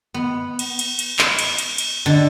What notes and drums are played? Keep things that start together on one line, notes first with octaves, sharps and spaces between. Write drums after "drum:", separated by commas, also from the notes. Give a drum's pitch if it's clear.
B3
drum: cymbal
drum: cymbal
drum: cymbal
B5, drum: clap
drum: cymbal
drum: cymbal
drum: cymbal
D3